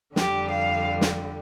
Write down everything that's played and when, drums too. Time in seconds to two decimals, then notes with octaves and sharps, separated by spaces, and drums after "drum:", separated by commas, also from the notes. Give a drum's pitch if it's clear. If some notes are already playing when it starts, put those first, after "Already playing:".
0.16 F2 D3 G3 G4, drum: snare
0.50 F5
1.01 drum: snare